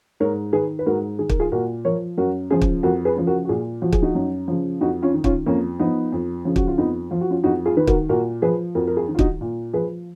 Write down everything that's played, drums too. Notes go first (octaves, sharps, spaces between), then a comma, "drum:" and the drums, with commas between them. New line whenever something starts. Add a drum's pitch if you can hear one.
G#2 A#4 C#5
D#3 G#4 B4
B4
G#2 F#4 A#4
D#3 G#4
A#4, drum: kick
F4 G#4
A#2 F#4 A#4
F3 A#4 C#5
F#2 F#4 A#4
C#3 F3 F4 G#4
drum: kick
F2 F#4 A#4
G#4 B4
C#3 F3
F#4 A#4
F#4
A#2 F4 G#4
F3 F#4
G#4, drum: kick
D#4 F#4
F#2
C#3 F3
F2 D#4 F#4
C#4 F4
D#3
C#4 F4, drum: kick
F2 A#3 C#4
F3 B3 D#4
F2
C#3 F3
F#4, drum: kick
F4
F2 B3 D#4
F3 F4
F#4
C#4 F4
F2 D#4 F#4
F4 G#4
D#3 B4
F#4 A#4, drum: kick
A#2 F#4 A#4
F3 G#4 B4
F2 F#4 A#4
A#4
F4 G#4
D#3
F4
D#4 F#4, drum: kick
A#2
F3 G#4 B4